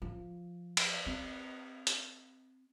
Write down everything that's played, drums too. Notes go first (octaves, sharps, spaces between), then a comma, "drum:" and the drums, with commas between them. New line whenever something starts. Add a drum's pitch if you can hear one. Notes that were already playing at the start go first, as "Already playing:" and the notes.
F3
drum: cymbal
C4
drum: hi-hat